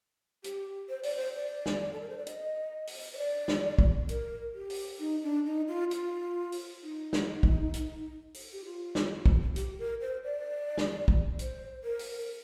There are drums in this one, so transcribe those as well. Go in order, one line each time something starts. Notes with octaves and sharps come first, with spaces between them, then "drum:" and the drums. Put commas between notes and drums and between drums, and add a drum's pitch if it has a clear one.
G4, drum: hi-hat
C5
D5, drum: open hi-hat
C5
D5
drum: snare
A4
A#4
C5
D5
D#5, drum: hi-hat
drum: open hi-hat
C5
D5
drum: snare
drum: kick
A#4, drum: hi-hat
G4
drum: open hi-hat
D#4
D4
D#4
F4
F4, drum: hi-hat
drum: open hi-hat
D#4
drum: snare
drum: kick
drum: hi-hat
drum: open hi-hat
G4
F4
drum: snare
drum: kick
G4, drum: hi-hat
A#4
C5
D5
drum: snare
drum: kick
C5, drum: hi-hat
A#4
drum: open hi-hat